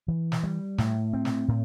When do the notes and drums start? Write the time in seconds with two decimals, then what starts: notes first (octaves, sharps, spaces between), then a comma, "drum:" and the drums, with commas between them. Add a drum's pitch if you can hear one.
0.08 E3
0.32 drum: snare
0.43 G3
0.78 A2, drum: snare
1.13 C4
1.25 drum: snare
1.48 A2